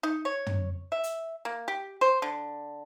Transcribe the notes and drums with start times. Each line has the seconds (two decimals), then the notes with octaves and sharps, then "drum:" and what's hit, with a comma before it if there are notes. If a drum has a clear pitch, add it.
0.03 D#4
0.25 C#5
0.46 drum: tom
0.92 E5
1.04 drum: hi-hat
1.45 A#3
1.68 G4
2.01 C5
2.22 D3